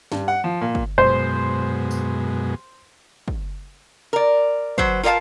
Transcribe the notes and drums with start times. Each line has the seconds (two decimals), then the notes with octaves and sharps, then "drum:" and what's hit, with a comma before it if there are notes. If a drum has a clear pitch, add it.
0.12 G2, drum: snare C#4
0.28 F#5
0.44 F3
0.61 A#2
0.75 drum: kick
0.98 F#2 B2 G#3 C5
1.91 drum: tambourine
3.28 drum: kick
4.13 A#4 D5
4.78 F#3 B4 C5, drum: kick
5.03 F4 A#4 D5 D#5 F5 A5